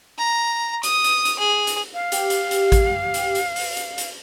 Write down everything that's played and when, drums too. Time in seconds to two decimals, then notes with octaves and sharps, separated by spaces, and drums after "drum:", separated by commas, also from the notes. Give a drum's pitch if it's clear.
0.18 A#5
0.83 D#6, drum: hi-hat
1.04 drum: hi-hat
1.25 drum: hi-hat
1.39 G#4
1.67 drum: hi-hat
1.94 F5
2.12 G4, drum: hi-hat
2.30 drum: hi-hat
2.51 drum: hi-hat
2.72 drum: kick A1, hi-hat
3.14 drum: hi-hat
3.35 drum: hi-hat
3.56 drum: open hi-hat
3.77 drum: hi-hat
3.98 drum: hi-hat